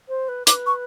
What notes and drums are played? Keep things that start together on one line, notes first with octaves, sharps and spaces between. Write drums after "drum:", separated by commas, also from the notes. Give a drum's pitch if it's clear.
C5
B4
B4 D6, drum: hi-hat
C#6